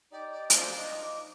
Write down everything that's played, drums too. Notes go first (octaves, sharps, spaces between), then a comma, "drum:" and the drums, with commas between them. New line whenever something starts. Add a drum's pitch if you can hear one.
D#4 G4 D5
D5
D4 F4 C5, drum: hi-hat
D#5
D#4
D6